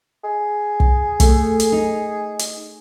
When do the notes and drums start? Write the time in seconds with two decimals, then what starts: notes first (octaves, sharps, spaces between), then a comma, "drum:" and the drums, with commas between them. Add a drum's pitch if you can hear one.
0.24 G#4
0.80 drum: kick
1.20 A3, drum: kick, hi-hat
1.60 drum: hi-hat
1.72 D#4
2.39 drum: hi-hat